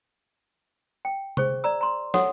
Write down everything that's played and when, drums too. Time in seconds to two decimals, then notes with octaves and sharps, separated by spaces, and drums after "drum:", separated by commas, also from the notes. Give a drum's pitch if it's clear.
1.05 G5
1.37 G#4 C5 C#6, drum: tom C3
1.64 D5 A#5 E6
1.81 A#5 C6
2.14 F#4 A4 C#5 F#5, drum: snare